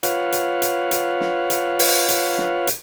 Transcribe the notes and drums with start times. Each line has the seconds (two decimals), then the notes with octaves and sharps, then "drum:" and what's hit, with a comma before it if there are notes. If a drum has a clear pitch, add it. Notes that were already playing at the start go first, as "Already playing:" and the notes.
0.03 F4 B4 C#5 F5 F#5, drum: hi-hat
0.32 drum: hi-hat
0.62 drum: hi-hat
0.91 drum: hi-hat
1.20 drum: snare
1.50 drum: hi-hat
1.79 drum: open hi-hat
2.09 drum: hi-hat
2.38 drum: snare
2.67 drum: hi-hat